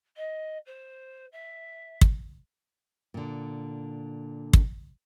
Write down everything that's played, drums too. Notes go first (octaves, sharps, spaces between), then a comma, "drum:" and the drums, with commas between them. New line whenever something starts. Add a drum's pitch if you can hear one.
D#5
C5
E5
drum: kick
A#2 D3
drum: kick